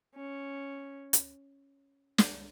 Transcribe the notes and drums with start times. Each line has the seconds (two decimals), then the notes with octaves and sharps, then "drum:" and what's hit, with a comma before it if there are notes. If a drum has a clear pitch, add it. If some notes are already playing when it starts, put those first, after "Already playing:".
0.15 C#4
1.13 drum: hi-hat
2.18 drum: snare